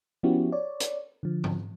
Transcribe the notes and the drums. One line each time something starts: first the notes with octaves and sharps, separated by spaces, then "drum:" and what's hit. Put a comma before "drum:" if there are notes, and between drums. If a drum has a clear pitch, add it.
F3 B3 C#4 E4 F#4 G4
C#5 D5
drum: hi-hat
D3 F3
drum: tom G#2